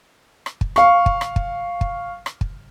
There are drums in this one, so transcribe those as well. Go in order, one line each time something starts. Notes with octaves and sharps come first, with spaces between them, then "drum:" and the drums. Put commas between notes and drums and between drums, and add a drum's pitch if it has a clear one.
drum: rim click
drum: kick
F5 C#6, drum: rim click
drum: kick
drum: rim click
drum: kick
drum: kick
drum: rim click
drum: kick